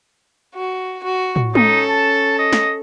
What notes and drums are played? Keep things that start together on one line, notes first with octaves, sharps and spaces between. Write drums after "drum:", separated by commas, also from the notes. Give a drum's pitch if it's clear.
F#4
F#4
drum: tom
C#4 D#4 A4, drum: tom G#3
A5
D#5
drum: snare